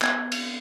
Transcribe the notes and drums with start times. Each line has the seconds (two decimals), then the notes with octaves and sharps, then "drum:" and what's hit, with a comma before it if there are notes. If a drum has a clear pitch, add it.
0.02 B3 G#6, drum: clap
0.32 drum: cymbal